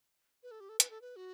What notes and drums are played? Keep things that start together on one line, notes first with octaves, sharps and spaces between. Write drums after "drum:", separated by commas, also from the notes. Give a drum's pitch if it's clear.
B4
A4
G4
A4
B4, drum: hi-hat
A4
B4
F#4